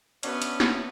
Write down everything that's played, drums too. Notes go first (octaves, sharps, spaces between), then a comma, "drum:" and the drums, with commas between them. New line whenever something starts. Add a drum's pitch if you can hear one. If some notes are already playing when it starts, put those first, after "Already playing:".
B3 C#4 D4 F#4 E5, drum: hi-hat
drum: hi-hat
drum: snare